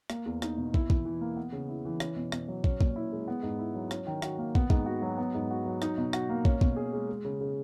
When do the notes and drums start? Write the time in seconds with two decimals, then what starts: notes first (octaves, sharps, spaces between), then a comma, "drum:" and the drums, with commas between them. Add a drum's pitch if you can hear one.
0.10 A#3, drum: rim click
0.26 E2
0.42 D#4, drum: rim click
0.58 B2
0.74 E4, drum: kick
0.90 E3, drum: kick
1.05 E3
1.21 A#3
1.37 B3
1.52 C#3
1.69 E4
1.85 E3
2.00 C#4, drum: rim click
2.16 B2
2.32 B2, drum: rim click
2.48 F#3
2.64 C#4, drum: kick
2.81 A#2, drum: kick
2.96 E4
3.12 G#3
3.28 B3
3.43 G#2
3.59 E4
3.75 F#3
3.91 C#4, drum: rim click
4.07 D#3
4.22 F#4, drum: rim click
4.38 A#3
4.55 B3, drum: kick
4.70 G#2, drum: kick
4.86 F#4
5.02 F#3
5.18 B3
5.35 G#2
5.51 F#4
5.66 F#3
5.82 D#4, drum: rim click
5.98 B2
6.13 F#4, drum: rim click
6.29 A#3
6.45 C#4, drum: kick
6.61 B2, drum: kick
6.76 G#4
6.93 G#3
7.09 G#3
7.25 C#3
7.41 C#3